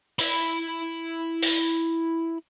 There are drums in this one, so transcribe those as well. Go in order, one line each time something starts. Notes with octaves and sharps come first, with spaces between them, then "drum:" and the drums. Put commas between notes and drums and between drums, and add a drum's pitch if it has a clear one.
E4 B5, drum: open hi-hat
drum: open hi-hat